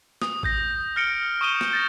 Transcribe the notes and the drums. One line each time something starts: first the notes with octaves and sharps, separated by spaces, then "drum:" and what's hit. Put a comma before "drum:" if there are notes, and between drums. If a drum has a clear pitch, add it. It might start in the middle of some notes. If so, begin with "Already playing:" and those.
D#6, drum: snare
D#6 G6 A#6, drum: kick
F6 A#6 C#7 D7 G7
C#6 D#6 G6 D#7 E7 G7
drum: snare
G6 A6 A#6